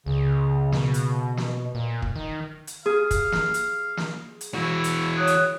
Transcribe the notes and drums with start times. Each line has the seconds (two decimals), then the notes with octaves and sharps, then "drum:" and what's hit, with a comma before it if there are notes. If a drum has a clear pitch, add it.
0.06 C#2 C#3
0.72 B2, drum: snare
0.94 drum: hi-hat
1.37 drum: snare
1.75 A#2
2.02 drum: kick
2.16 D#3
2.67 drum: hi-hat
2.86 G#4 F5
3.11 drum: kick, hi-hat
3.32 drum: snare
3.54 drum: hi-hat
3.97 drum: snare
4.41 drum: hi-hat
4.54 E3 E4 F#4
4.84 drum: hi-hat
5.18 C#5 D#6 F#6
5.27 drum: hi-hat